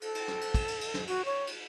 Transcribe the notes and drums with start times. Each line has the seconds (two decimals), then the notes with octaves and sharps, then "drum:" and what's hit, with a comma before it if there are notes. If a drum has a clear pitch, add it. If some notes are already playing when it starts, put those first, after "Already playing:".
0.01 A4, drum: cymbal
0.15 drum: cymbal
0.28 drum: snare
0.41 drum: cymbal
0.54 drum: kick, cymbal
0.68 drum: cymbal
0.81 drum: cymbal
0.94 drum: snare
1.07 F#4, drum: cymbal
1.25 C#5
1.47 drum: cymbal